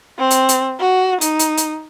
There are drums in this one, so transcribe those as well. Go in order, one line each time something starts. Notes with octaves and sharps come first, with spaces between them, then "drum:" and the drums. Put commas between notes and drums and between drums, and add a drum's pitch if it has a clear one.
C4
drum: hi-hat
drum: hi-hat
F#4
D#4, drum: hi-hat
drum: hi-hat
drum: hi-hat